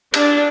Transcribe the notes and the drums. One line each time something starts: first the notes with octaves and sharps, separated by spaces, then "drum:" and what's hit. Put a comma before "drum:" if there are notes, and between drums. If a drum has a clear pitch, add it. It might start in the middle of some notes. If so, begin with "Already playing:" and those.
D4, drum: cymbal